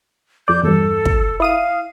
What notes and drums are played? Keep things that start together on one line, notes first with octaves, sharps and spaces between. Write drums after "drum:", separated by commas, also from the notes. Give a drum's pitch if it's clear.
F2 D5 G6
E2 G2 A4
drum: kick
E4 F5 D#6 D#7